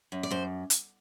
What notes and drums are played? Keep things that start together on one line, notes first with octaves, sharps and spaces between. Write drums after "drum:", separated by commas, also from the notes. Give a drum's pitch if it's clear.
F#2
D5
F#2 C5
drum: hi-hat